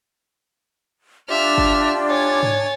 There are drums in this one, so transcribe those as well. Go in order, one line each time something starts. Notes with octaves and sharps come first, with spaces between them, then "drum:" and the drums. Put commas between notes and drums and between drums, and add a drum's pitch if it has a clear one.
D4 F4 G4 D5 E5 F6
drum: kick
C#5 G#5 A6
drum: tom G#2